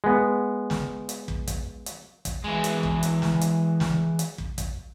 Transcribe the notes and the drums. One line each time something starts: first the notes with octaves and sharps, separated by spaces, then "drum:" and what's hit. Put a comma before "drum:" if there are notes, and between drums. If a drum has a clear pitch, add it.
G#3 B3
drum: snare
drum: hi-hat
drum: kick
drum: kick, hi-hat
drum: hi-hat
drum: kick, hi-hat
E3 G#3
drum: hi-hat
drum: kick
drum: hi-hat
drum: snare
drum: hi-hat
drum: snare
drum: hi-hat
drum: kick
drum: kick, hi-hat